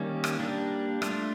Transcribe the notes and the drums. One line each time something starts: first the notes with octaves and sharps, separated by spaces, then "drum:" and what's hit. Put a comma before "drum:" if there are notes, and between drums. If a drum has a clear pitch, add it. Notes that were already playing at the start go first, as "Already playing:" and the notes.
Already playing: D#3 G3 A#3 C#4
drum: rim click
G3 A#3 D4
A3 D4 F4, drum: rim click